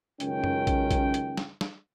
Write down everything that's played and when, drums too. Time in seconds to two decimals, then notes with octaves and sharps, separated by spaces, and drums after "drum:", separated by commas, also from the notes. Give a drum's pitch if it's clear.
0.20 C#2 F#2 D#3 C#4 G5, drum: hi-hat
0.44 drum: tom F#2
0.67 drum: kick A#1, hi-hat
0.91 drum: kick A#1, hi-hat
1.14 drum: hi-hat
1.37 drum: snare
1.61 drum: snare